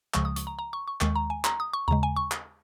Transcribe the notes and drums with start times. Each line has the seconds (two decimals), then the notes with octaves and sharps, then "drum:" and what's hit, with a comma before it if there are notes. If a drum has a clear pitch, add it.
0.14 C#2 C#3 F3 G#3 C#6, drum: clap
0.25 D#6
0.36 C#6, drum: hi-hat
0.47 A#5
0.59 A#5
0.73 C#6
0.88 C#6
1.01 D#2 D#3 G#3 C#6, drum: clap
1.16 A#5
1.30 G#5
1.44 A#5, drum: clap
1.60 D#6
1.73 C#6
1.88 D#2 C#3 G#3 A#5
2.03 G#5
2.16 C#6
2.31 drum: clap